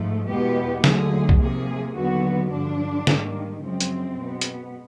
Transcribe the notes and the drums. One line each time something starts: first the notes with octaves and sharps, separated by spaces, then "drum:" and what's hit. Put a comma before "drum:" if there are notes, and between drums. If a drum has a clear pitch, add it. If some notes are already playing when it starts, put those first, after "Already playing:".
Already playing: G#2 F3 A3
E2 B2 G#3 B3 G4
D#2 D3 F#3 A3 G#4, drum: snare
drum: kick B1
C3 F3 A#3 G#4
D#2 D3 F#3 B3 F#4
G2 D3 F3 D4
G#2 D#3 G3 A#3, drum: snare
F#2 C#3 F3 G#3 C4
drum: hi-hat
B2 G#3 B3
drum: hi-hat